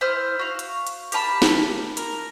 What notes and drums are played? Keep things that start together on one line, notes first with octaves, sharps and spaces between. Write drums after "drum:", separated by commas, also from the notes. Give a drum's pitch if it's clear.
E4 C5 D#6 F6
F#4 F5
drum: hi-hat
drum: hi-hat
G4 A#4 A5 B5, drum: hi-hat
drum: snare
A#4, drum: hi-hat